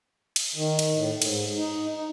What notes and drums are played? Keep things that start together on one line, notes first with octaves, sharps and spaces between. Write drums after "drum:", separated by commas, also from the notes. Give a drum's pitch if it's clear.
drum: cymbal
D#3
drum: cymbal
A2
G#2, drum: cymbal
D#4
D#4